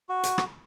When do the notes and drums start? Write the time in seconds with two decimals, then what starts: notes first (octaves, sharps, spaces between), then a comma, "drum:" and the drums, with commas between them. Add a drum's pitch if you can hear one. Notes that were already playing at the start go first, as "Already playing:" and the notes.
0.09 F#4
0.23 drum: hi-hat
0.38 drum: rim click